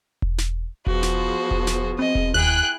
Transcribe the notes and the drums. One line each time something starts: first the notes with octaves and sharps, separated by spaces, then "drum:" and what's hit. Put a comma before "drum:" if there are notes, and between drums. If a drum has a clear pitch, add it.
drum: kick E1
drum: snare
F3 B3 F#4 G#4 C5, drum: kick E1
drum: snare
drum: kick E1
drum: snare
C4 D#5
drum: kick E1
D#2 E4 G#4 G5 F#6